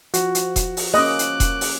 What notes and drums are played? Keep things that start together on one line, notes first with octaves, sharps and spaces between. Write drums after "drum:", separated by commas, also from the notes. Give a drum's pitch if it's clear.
F3 F#4, drum: hi-hat
drum: hi-hat
drum: kick E1, hi-hat
drum: open hi-hat
A#3 C#4 D#5 D6 F#6
drum: hi-hat
drum: kick E1, hi-hat
drum: open hi-hat